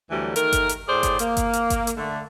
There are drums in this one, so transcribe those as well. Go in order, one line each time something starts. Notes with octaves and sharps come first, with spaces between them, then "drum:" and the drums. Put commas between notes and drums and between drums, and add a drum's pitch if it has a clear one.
D2 E3 F#3 G3 A3
D#3 A3 A#4, drum: hi-hat
drum: kick G1, hi-hat
drum: hi-hat
A2 A3 G#4 C5 D5
drum: kick G1, hi-hat
A#3, drum: hi-hat
drum: kick G1, hi-hat
drum: hi-hat
drum: kick G1, hi-hat
drum: hi-hat
D3 A3